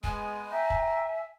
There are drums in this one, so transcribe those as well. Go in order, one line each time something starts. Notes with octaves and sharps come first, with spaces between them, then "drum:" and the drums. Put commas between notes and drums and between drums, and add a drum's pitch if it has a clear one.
G#3 B3 G#5, drum: kick
E5 G5 A#5
drum: kick